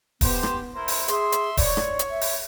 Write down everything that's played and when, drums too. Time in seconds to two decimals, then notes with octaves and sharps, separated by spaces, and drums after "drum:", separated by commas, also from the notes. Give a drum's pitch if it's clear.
0.21 B3 G4 C5, drum: kick D#1, open hi-hat
0.43 drum: rim click
0.73 E4 A#4 C5
0.88 drum: open hi-hat
1.08 G#4 E5 C6, drum: hi-hat
1.32 drum: hi-hat
1.57 C#5 D5, drum: kick D#1, open hi-hat
1.77 drum: rim click
1.99 drum: hi-hat
2.11 E5
2.21 drum: open hi-hat